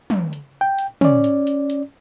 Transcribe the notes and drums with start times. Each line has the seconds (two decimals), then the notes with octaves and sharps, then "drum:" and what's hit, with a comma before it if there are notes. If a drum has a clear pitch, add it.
0.10 drum: tom
0.33 drum: hi-hat
0.61 G5
0.78 drum: hi-hat
1.01 C#4 D5, drum: tom
1.24 drum: hi-hat
1.47 drum: hi-hat
1.70 drum: hi-hat